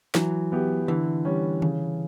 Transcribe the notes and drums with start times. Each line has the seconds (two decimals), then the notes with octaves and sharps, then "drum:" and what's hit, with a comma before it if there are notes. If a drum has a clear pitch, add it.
0.15 E3 F#3, drum: snare
0.52 B3 E4 G4
0.88 D3 E3
1.25 G3 C#4
1.62 C#3, drum: tom D3